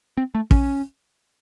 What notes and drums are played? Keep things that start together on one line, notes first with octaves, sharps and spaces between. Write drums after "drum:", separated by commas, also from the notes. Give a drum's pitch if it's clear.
C4
A3
C#4, drum: kick